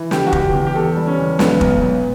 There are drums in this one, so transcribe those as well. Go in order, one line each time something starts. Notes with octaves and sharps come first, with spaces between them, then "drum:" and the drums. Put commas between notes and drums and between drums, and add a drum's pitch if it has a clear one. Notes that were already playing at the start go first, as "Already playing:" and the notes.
Already playing: E3
E2 G4, drum: snare
F#4
E2 G4, drum: kick F1
E2 G4
G4
E2 A4
G3
C#4
E2
B1 B3, drum: snare
B1, drum: kick F1
B1